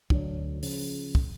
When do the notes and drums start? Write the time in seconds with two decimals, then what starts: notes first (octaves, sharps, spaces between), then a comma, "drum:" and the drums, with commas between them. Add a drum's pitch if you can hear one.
0.10 D2 F#3 D4, drum: kick
0.63 C#3 F3 C#4, drum: open hi-hat
1.15 drum: kick